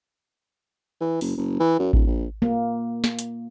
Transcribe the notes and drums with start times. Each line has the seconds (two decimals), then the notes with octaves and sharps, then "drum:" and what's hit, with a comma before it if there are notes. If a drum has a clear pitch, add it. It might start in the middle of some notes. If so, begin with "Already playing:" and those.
1.01 E3
1.21 F#1, drum: open hi-hat
1.37 F#1
1.60 E3
1.79 F#2
1.93 D1, drum: kick A1
2.07 A#1
2.42 A#3
3.04 drum: snare
3.19 drum: hi-hat